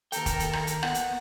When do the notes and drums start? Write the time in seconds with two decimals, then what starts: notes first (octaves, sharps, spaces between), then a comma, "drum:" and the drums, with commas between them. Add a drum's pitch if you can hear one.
0.12 D#2 A4 A#4 G5, drum: hi-hat
0.26 drum: kick E1, hi-hat
0.40 drum: hi-hat
0.53 drum: rim click
0.67 drum: hi-hat
0.83 B3 F#5, drum: rim click
0.94 drum: hi-hat